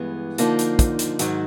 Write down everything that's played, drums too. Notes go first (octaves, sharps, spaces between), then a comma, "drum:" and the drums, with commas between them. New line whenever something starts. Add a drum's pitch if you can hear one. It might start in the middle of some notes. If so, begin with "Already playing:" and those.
Already playing: G2 E3 G#3 B3
D3 F3 A#3 D#4, drum: hi-hat
drum: hi-hat
drum: kick, hi-hat
drum: hi-hat
G#2 D#3 F#3, drum: hi-hat